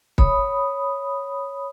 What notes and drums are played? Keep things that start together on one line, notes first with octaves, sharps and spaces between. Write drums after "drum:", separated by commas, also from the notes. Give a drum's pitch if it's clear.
C#5 B5 D#6, drum: kick